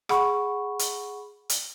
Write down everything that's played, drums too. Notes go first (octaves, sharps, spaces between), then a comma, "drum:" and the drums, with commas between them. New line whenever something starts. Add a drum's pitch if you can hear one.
G#4 F#5 B5 C#6, drum: rim click
drum: hi-hat
drum: hi-hat